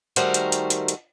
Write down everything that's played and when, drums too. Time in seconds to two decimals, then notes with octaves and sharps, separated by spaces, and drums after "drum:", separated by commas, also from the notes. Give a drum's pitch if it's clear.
0.16 D#3 G3 A3 F#4 A#4 C5, drum: hi-hat
0.34 drum: hi-hat
0.52 drum: hi-hat
0.70 drum: hi-hat
0.88 drum: hi-hat